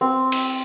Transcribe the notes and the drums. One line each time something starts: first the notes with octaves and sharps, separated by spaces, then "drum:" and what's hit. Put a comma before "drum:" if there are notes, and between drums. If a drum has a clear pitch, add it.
C4
drum: cymbal